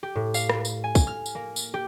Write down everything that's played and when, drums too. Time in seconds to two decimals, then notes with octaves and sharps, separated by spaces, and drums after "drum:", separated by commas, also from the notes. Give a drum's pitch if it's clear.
0.03 G4
0.15 A2
0.34 F5, drum: tambourine
0.50 drum: rim click
0.65 drum: tambourine
0.84 G#5
0.95 drum: kick, tambourine
1.07 F6
1.26 drum: tambourine
1.35 A#3
1.56 drum: tambourine
1.74 G4